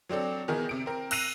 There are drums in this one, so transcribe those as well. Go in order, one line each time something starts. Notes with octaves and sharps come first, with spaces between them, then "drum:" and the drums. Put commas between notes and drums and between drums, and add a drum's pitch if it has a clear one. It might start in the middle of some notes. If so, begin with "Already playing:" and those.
F#3 C4 D4 A4
B2 D#3 E3 G#4 A#4
C3 D7
C4 A#4
E6 F#6 A#6 C7 D#7 F7, drum: cymbal